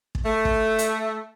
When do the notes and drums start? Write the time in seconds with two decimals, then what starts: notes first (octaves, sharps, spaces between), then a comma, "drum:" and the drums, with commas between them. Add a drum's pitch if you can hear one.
0.15 drum: kick
0.25 A3
0.45 drum: kick
0.79 drum: hi-hat